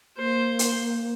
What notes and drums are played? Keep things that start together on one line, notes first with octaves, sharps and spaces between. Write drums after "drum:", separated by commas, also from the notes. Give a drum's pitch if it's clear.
A#3 C5
drum: hi-hat